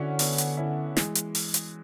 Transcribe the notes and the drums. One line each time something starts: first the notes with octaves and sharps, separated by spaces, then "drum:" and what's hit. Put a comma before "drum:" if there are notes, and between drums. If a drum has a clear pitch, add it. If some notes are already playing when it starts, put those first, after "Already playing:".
Already playing: D3 C#4 D4 E4 F#4
B3 D4, drum: open hi-hat
drum: hi-hat
C#4 E4
E3 G#3, drum: snare
drum: hi-hat
drum: open hi-hat
drum: hi-hat